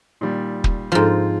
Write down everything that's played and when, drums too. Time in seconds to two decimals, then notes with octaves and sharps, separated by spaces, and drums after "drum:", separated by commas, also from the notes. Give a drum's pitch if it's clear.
0.21 A#2 D#3 G3
0.64 drum: kick
0.92 G#2 F3 C4 F4